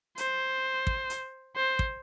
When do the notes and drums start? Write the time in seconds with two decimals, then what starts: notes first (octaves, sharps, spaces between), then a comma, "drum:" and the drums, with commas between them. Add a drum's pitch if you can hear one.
0.18 C5, drum: hi-hat
0.87 drum: kick
1.10 drum: hi-hat
1.56 C5
1.79 drum: kick